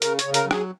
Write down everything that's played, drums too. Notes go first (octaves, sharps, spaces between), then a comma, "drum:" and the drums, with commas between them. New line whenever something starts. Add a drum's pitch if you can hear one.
C#3 A#4, drum: hi-hat
C#3 C#5, drum: hi-hat
A#4, drum: hi-hat
F#3
G#4, drum: rim click